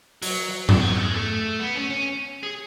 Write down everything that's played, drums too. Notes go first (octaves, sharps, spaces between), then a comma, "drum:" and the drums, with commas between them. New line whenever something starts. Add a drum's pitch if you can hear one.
F#3, drum: open hi-hat
D3, drum: tom G#2
F3
F#3
A3
G#3
A3
B3
C#4
C#4
G#4